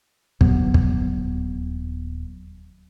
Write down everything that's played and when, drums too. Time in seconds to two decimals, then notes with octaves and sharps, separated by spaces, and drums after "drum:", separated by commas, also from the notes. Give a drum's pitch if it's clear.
0.41 D#1 F#3 B3, drum: kick
0.74 drum: kick